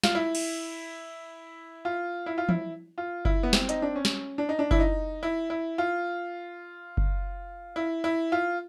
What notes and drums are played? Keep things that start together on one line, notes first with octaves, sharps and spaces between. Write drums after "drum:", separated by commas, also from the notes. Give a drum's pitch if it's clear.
F4, drum: snare
E4
drum: cymbal
F4
E4
F4
E4, drum: tom
F4
E4, drum: kick F#1
B3
C4, drum: snare
D#4, drum: hi-hat
D4
C#4
drum: snare
D4
D#4
D4
E4, drum: kick F#1
D#4
E4
E4
F4
drum: kick F#1
E4
E4
F4